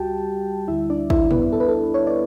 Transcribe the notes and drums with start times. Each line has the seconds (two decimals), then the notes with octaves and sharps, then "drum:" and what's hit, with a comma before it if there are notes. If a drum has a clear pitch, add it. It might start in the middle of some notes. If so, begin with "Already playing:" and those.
Already playing: C#2 G3 F#4 G4 G5 A5
0.68 D2 D3 G3 E4 E5
0.90 D4 D5
1.10 E4 E5, drum: kick
1.31 B3 B4, drum: tom
1.53 A4
1.60 B4
1.68 A4
1.94 C#5
2.07 D5